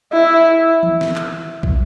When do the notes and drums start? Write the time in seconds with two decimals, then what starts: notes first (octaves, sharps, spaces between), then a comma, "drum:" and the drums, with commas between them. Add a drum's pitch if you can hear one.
0.13 E4
0.83 drum: tom D#3
1.01 drum: snare
1.16 drum: clap
1.63 drum: kick